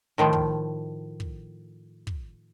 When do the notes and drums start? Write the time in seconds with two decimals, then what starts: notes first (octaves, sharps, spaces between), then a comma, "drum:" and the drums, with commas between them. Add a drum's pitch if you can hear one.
0.18 A2 D#3 F3
0.33 drum: kick
1.20 drum: kick
2.07 drum: kick